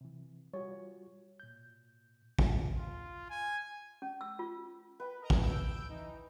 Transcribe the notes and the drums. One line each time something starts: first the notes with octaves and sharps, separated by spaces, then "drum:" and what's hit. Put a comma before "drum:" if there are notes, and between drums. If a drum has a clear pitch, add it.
C3 E3
G3 F4 F#4 C#5
A#2 G6
drum: kick
F4
G#5
C#4
E6
F4
B4 G5 B5
A#4 D#5 A#5
drum: kick
D#6 E6 G6 D7
E3 D#4